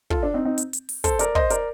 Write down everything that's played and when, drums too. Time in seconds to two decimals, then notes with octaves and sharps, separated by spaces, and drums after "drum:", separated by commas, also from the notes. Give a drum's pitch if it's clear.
0.10 F4 A4, drum: kick
0.23 D4
0.34 C4 D#4
0.45 C4 D#4
0.58 drum: hi-hat
0.73 drum: hi-hat
0.89 drum: open hi-hat
1.04 A4 C5, drum: kick, hi-hat
1.19 A#4 D5, drum: hi-hat
1.35 C5 D#5, drum: kick
1.50 A#4 D5, drum: hi-hat